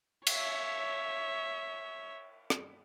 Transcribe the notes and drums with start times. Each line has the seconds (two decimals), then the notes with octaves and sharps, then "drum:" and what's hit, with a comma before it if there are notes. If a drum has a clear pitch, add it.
0.27 C#5 E5, drum: cymbal
2.50 drum: rim click